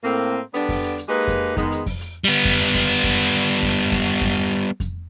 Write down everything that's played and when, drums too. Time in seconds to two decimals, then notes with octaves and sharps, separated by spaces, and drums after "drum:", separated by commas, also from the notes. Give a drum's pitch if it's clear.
0.03 A2 A#3 C4
0.54 D3 G3 B3 D4, drum: hi-hat
0.69 drum: kick F2, open hi-hat
0.84 drum: hi-hat
0.98 drum: hi-hat
1.08 G#3 A#3 D#4 G4 G#4 B4
1.28 drum: kick F2, hi-hat
1.57 D#3 G#3 B3, drum: kick F2, hi-hat
1.72 drum: hi-hat
1.86 drum: kick F2, open hi-hat
2.01 drum: hi-hat
2.24 G3 B3
2.45 drum: kick F2, hi-hat
2.74 drum: kick F2, hi-hat
2.89 drum: hi-hat
3.04 drum: kick F2, open hi-hat
3.18 drum: hi-hat
3.63 drum: kick F2
3.92 drum: kick F2, hi-hat
4.07 drum: hi-hat
4.21 drum: kick F2, open hi-hat
4.36 drum: hi-hat
4.51 drum: hi-hat
4.80 drum: kick F2, hi-hat